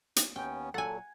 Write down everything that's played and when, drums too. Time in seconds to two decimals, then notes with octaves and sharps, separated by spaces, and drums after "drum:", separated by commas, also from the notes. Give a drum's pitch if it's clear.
0.16 drum: hi-hat
0.36 D#2 B3 C#4 G5
0.74 A#2 F#3 A4 F#5 G#5